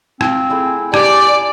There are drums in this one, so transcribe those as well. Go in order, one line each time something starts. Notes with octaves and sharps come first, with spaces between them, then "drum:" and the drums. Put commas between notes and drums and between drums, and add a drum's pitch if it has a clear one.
C4 F4, drum: rim click
A3 E4 G#4
G4 D5 G#5, drum: rim click